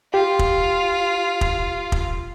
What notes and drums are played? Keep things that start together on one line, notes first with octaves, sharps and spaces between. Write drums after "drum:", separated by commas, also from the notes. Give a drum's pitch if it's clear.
F4 G4
drum: kick
drum: kick
drum: kick